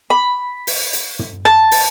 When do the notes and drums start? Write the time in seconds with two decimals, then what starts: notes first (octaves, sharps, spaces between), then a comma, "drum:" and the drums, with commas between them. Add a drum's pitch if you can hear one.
0.10 B5
0.67 drum: open hi-hat
0.93 drum: hi-hat
1.19 drum: tom
1.45 A5, drum: rim click
1.71 drum: open hi-hat